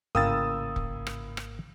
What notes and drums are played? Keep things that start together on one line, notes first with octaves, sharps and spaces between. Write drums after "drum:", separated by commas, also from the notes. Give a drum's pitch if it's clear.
G#1 A2 C#3 A#3 G5 D#6 E6 A6
drum: kick
drum: rim click
drum: rim click